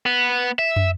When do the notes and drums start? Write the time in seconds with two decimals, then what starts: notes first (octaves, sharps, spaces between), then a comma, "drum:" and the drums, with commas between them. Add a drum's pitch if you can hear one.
0.06 B3
0.59 E5
0.76 drum: tom